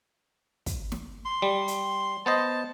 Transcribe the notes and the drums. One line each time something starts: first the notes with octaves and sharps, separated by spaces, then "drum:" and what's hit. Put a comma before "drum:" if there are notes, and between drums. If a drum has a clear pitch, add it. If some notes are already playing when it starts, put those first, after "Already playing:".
drum: kick, hi-hat
drum: snare
C6
G3
drum: hi-hat
B3 C5 D#5 A5